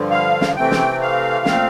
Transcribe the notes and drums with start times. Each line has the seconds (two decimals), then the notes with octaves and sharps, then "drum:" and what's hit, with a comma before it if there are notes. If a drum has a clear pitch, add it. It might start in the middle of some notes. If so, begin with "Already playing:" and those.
Already playing: G2 D3 F3
0.11 F5
0.41 drum: snare
0.56 C3 E3 A3 C4 G5
0.71 drum: snare
1.01 F5
1.45 A#2 A3 C4, drum: snare